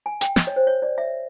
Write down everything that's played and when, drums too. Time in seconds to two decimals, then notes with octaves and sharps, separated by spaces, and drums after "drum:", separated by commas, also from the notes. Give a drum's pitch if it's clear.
0.06 G#5
0.21 G5, drum: hi-hat
0.36 D#5, drum: snare
0.47 C#5
0.56 C5
0.67 C#5
0.82 D5
0.98 E5